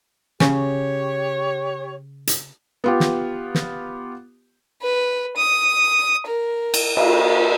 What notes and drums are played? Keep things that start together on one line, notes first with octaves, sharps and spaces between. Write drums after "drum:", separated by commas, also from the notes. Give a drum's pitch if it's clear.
C#3 G4 C#5, drum: snare
drum: hi-hat
B3 F4 G4
drum: snare
drum: snare
B4
D#6
A#4
drum: cymbal
A#3, drum: cymbal